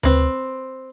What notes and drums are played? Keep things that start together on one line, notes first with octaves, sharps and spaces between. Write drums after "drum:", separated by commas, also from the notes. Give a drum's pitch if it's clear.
C4 B4, drum: tom D2